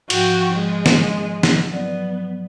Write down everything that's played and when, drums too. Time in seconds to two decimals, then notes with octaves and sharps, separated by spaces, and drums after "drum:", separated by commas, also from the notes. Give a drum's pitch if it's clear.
0.10 G#2 F3 F#4 G5, drum: cymbal
0.53 G#3
0.86 drum: snare
1.43 drum: snare
1.71 F#3 B3 D5